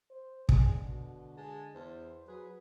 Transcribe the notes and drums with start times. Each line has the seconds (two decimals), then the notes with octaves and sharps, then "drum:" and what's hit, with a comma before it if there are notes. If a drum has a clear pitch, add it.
0.11 C5
0.49 D3 G#3, drum: kick
0.86 B2
1.37 G#3 A5
1.74 E2 C5
2.28 F#3 G#4 B4